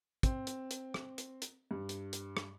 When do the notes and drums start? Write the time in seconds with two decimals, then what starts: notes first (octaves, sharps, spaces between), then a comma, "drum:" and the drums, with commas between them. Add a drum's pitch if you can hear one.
0.23 C4, drum: kick, hi-hat
0.47 drum: hi-hat
0.71 drum: hi-hat
0.94 drum: rim click
1.18 drum: hi-hat
1.42 drum: hi-hat
1.71 G2
1.89 drum: hi-hat
2.13 drum: hi-hat
2.37 drum: rim click